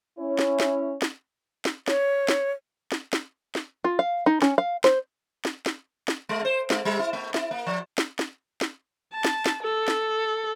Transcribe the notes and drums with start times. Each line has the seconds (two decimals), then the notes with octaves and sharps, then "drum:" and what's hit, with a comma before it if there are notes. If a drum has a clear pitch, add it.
0.19 C#4 E4 C#5
0.39 drum: snare
0.60 drum: snare
1.02 drum: snare
1.65 drum: snare
1.88 C#5, drum: snare
2.29 drum: snare
2.92 drum: snare
3.13 drum: snare
3.55 drum: snare
3.84 F4
3.99 F5
4.26 D#4
4.42 C#4, drum: snare
4.58 F5
4.84 C5, drum: snare
5.45 drum: snare
5.66 drum: snare
6.08 drum: snare
6.29 G#3
6.45 C5
6.70 G#3, drum: snare
6.85 G3
6.99 E4
7.13 A3
7.34 E4, drum: snare
7.51 A#3
7.67 F3
7.98 drum: snare
8.19 drum: snare
8.61 drum: snare
9.13 A5
9.25 drum: snare
9.46 drum: snare
9.63 A4
9.88 drum: snare